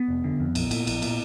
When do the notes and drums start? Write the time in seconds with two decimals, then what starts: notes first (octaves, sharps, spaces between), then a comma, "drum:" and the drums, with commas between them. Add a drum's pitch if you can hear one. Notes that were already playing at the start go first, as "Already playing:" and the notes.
Already playing: B3
0.08 F1
0.24 D3
0.40 F2
0.55 A#1, drum: cymbal
0.71 A#2, drum: cymbal
0.87 A#1, drum: cymbal
1.02 A#2, drum: cymbal